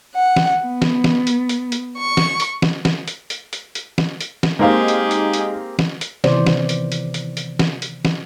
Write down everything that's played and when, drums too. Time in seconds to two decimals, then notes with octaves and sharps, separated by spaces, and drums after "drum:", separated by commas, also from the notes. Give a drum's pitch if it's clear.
0.15 F#5
0.36 drum: snare
0.65 B3
0.82 drum: snare
1.04 drum: snare
1.27 drum: hi-hat
1.49 drum: hi-hat
1.72 drum: hi-hat
1.97 C#6
2.17 drum: snare
2.40 drum: hi-hat
2.62 drum: snare
2.85 drum: snare
3.08 drum: hi-hat
3.30 drum: hi-hat
3.53 drum: hi-hat
3.75 drum: hi-hat
3.98 drum: snare
4.21 drum: hi-hat
4.43 drum: snare
4.59 G#3 A#3 C4 D#4 G4 G#4 F5
4.88 drum: hi-hat
5.11 drum: hi-hat
5.34 drum: hi-hat
5.79 drum: snare
6.01 drum: hi-hat
6.24 C3 D#3 E3 B3 C5 D5, drum: snare
6.46 drum: snare
6.69 drum: hi-hat
6.92 drum: hi-hat
7.14 drum: hi-hat
7.37 drum: hi-hat
7.59 drum: snare
7.82 drum: hi-hat
8.05 drum: snare